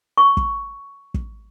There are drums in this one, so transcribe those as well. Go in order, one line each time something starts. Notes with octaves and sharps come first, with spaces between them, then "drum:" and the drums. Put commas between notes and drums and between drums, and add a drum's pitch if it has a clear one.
C#6
drum: kick
drum: kick